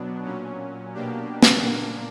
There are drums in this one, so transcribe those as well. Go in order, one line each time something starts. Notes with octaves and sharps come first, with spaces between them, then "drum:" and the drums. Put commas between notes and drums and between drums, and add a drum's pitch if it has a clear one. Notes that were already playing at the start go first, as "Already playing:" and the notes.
Already playing: B2 F#3 B3 D4
A#2 F#3 C#4
B2 A#3 D4 G4
drum: snare
A#2 A#3 D4